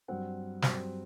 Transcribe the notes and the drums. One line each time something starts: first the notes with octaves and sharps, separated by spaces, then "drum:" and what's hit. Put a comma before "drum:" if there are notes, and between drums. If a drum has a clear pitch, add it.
G2 F#3 C4 F#5
G2 F#3 C4, drum: snare